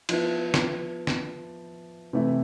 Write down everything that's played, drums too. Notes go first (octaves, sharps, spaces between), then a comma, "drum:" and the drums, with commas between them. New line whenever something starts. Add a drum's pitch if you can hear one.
F3 B3 E4, drum: cymbal
drum: snare
drum: snare
C3 E3 A3 E4